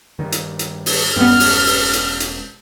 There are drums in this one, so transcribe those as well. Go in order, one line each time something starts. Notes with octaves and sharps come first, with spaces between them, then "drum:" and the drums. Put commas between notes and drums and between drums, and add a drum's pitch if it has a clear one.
G2 D#3
drum: hi-hat
drum: hi-hat
drum: open hi-hat
E1 G2 G#3 B3 C#4 F6
drum: open hi-hat
drum: open hi-hat
drum: hi-hat
drum: hi-hat